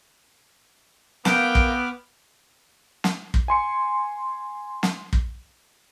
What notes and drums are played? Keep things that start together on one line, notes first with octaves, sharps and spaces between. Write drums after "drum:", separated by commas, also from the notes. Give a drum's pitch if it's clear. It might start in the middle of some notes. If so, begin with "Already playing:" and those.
A#3 B3 G5 B5 D6 F6, drum: snare
drum: kick
drum: snare
drum: kick
G#5 C6 C#7
drum: snare
drum: kick